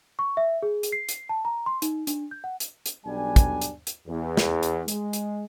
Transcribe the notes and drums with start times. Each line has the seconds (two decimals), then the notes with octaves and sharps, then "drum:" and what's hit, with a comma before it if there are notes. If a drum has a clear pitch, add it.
0.19 C#6
0.37 E5
0.62 G#4
0.83 drum: hi-hat
0.92 C7
1.09 drum: hi-hat
1.29 A5
1.45 A#5
1.66 C6
1.82 D#4, drum: hi-hat
2.07 D4, drum: hi-hat
2.31 G6
2.44 F#5
2.60 drum: hi-hat
2.86 drum: hi-hat
3.06 B1 G3 D4 G#5
3.36 drum: kick, hi-hat
3.62 drum: hi-hat
3.87 drum: hi-hat
4.08 E2
4.37 drum: snare
4.63 drum: hi-hat
4.88 G#3, drum: hi-hat
5.13 drum: hi-hat